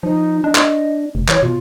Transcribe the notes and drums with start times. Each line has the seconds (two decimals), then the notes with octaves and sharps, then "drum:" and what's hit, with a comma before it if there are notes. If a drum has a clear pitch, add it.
0.03 F3 D#4
0.44 D4 D#5
0.55 drum: clap
1.15 F1
1.28 E3 C#5, drum: clap
1.42 B2 F4